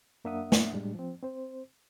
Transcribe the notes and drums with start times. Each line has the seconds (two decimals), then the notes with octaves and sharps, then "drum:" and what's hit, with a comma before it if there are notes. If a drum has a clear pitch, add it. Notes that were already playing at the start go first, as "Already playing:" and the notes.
0.24 F#2 A#3 D4 E5 F#5 D#6
0.52 drum: snare A3
0.74 A2 G3 G#3 D4
0.94 F3 C4
1.23 C4 C5